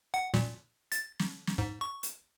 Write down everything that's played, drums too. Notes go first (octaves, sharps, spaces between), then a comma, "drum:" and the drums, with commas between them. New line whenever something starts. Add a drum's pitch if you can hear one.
F#5
A#2, drum: snare
A6, drum: hi-hat
drum: snare
drum: snare
G#2
C#6
drum: hi-hat